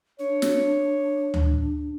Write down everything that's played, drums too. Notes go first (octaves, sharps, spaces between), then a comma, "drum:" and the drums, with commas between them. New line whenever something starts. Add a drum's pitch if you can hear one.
D4 C#5
drum: snare
drum: tom D2